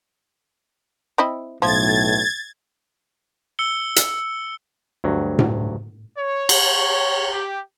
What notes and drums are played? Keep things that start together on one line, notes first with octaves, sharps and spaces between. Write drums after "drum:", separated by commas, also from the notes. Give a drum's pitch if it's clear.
C4 E4 D#5
B1 A2 F3 G#6 A6
E6 C#7 G7
drum: hi-hat
D2 G2 F#3
drum: tom A2
C#5
drum: cymbal
G4